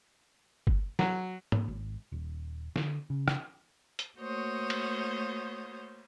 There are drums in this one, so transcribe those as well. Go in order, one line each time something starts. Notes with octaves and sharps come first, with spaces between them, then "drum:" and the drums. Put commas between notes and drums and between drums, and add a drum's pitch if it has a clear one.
drum: kick G1
F#3, drum: snare
drum: tom G#2
G#1
D#1
D3, drum: snare
C#3
drum: rim click
drum: hi-hat
A3 A#3 F#4 C5 C#5 D#6
drum: cymbal